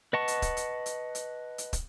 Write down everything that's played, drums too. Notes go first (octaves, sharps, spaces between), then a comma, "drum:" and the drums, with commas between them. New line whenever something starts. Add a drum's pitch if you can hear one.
B4 D#5 F#5 A5 C#6
drum: hi-hat
drum: kick, hi-hat
drum: hi-hat
drum: hi-hat
drum: hi-hat
drum: hi-hat
drum: kick, hi-hat